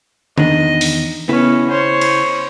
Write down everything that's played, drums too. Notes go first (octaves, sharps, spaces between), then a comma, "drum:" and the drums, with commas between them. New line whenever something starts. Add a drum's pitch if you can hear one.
E2 D#3 D4 D#5, drum: tom D3
drum: open hi-hat
C#3 B3 C#4 E4 B4
C5 C#5
drum: cymbal